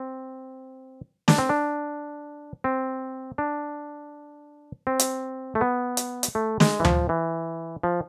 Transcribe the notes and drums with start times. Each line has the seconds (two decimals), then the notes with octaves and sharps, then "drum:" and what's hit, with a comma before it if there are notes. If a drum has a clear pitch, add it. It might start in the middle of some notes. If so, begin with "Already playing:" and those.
Already playing: C4
1.28 D4, drum: snare
1.38 C4
1.49 D4
2.64 C4
3.38 D4
4.87 C4
4.99 drum: hi-hat
5.55 A3
5.61 B3
5.97 drum: hi-hat
6.23 drum: hi-hat
6.35 A3
6.60 G#3, drum: snare
6.80 E3
6.84 F3, drum: tom D2
7.09 E3
7.83 F3